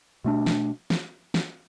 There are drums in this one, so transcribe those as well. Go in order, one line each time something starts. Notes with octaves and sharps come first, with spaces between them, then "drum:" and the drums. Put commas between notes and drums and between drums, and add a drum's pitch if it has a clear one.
B2 A3 D4
drum: snare
drum: snare
drum: snare